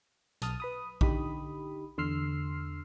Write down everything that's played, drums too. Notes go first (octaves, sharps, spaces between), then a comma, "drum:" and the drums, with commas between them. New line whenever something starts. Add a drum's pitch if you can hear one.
B1 A5 D#6 F6, drum: hi-hat
B4 B5 D#6
D3 D#4 G4 B5 D#6, drum: kick A#1
E2 D3 C6 E6 F6 C7